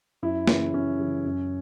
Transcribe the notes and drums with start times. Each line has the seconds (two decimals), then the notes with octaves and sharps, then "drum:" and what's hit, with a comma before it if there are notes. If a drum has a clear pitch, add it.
0.22 F#2 E4
0.47 C#3 E3 C#4, drum: snare
0.74 F#2 C#4
0.99 C#3 E3
1.25 F#2